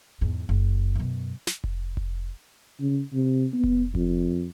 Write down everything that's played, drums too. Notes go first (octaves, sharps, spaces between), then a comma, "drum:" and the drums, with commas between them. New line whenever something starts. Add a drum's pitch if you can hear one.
E2 G#2
F#1
F#2 B2
drum: snare
drum: kick F1
drum: kick F1
C#3
C3
B3
drum: kick F1
F2, drum: kick F1